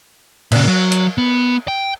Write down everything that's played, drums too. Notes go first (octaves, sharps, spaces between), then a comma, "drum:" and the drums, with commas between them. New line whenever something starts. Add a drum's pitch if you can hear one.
A#2 C#3, drum: cymbal
F#3
drum: hi-hat
B3
G5